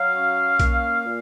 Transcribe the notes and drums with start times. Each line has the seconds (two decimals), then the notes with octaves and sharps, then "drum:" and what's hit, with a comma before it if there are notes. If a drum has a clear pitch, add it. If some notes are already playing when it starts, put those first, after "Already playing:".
Already playing: F#3 F5
0.16 C#4
0.60 A#3, drum: kick B1, hi-hat
1.05 A#2